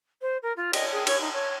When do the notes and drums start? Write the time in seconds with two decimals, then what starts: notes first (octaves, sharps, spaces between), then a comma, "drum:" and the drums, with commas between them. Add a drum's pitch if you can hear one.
0.21 C5
0.42 A#4
0.56 F4
0.73 D#5, drum: cymbal
0.92 G#4
1.07 C#5, drum: cymbal
1.20 D#4
1.33 C#5